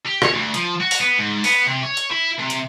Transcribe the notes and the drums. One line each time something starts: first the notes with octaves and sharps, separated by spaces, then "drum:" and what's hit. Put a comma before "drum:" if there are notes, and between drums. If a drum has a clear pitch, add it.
G4
C#5, drum: rim click
D2
F3, drum: hi-hat
F#4
drum: open hi-hat
B3
G#2
B3, drum: open hi-hat
C3
C#5
drum: hi-hat
E4
C3
drum: hi-hat